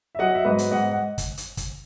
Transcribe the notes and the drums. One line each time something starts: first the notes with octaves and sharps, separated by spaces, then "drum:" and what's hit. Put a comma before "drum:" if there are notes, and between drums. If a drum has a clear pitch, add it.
E5
F#3 D#5 F#5
E5
G#2 B4 D#5
drum: hi-hat
G#2 D#5 F#5
F#5
drum: kick, hi-hat
drum: hi-hat
drum: kick, hi-hat